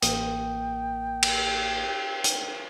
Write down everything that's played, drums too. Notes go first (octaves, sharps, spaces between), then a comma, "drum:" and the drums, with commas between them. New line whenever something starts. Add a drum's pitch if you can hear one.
A1 A#3 G5 D#6, drum: hi-hat
drum: cymbal
drum: hi-hat